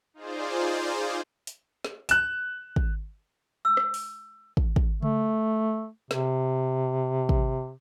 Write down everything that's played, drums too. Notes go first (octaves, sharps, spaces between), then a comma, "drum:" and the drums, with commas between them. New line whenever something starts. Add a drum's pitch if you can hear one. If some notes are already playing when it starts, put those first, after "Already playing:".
D#4 F4 G#4 C5 D5
drum: hi-hat
drum: snare
F#6 E7, drum: hi-hat
drum: kick
E6
drum: rim click
drum: open hi-hat
drum: kick
drum: kick
A3, drum: tom C#3
C3, drum: snare
drum: kick